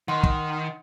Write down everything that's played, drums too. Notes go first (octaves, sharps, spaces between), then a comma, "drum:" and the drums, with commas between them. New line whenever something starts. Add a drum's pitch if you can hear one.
D#3 F#5 C6
drum: kick